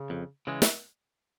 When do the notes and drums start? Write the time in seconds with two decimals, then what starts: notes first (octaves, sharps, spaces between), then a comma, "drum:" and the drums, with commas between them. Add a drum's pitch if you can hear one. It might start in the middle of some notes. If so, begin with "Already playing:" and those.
Already playing: C#3
0.10 F2
0.47 C#3 E3 G#3
0.62 drum: snare